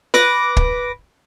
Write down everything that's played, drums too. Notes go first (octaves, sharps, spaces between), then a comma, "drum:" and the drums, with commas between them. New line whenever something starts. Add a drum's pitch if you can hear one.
B4 D6 A#6, drum: snare
drum: kick